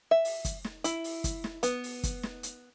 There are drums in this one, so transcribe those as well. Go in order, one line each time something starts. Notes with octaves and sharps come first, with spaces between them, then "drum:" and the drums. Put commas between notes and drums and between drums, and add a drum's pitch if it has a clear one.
E5
drum: open hi-hat
drum: kick, hi-hat
drum: snare
E4, drum: hi-hat
drum: open hi-hat
drum: kick, hi-hat
drum: snare
B3, drum: hi-hat
drum: open hi-hat
drum: kick, hi-hat
drum: snare
drum: hi-hat